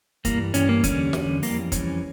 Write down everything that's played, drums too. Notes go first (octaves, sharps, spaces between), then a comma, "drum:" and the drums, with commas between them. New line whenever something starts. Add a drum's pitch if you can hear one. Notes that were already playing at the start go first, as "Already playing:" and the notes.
G2 E3 G3 A#3, drum: kick, hi-hat
G2 E3 G3 C#4, drum: hi-hat
A#3
E2 D3 G3 C#4, drum: kick, hi-hat
E2 D3 G3, drum: snare
F2 E3 G3 A#3, drum: open hi-hat
F2 E3 G3 C#4, drum: kick, hi-hat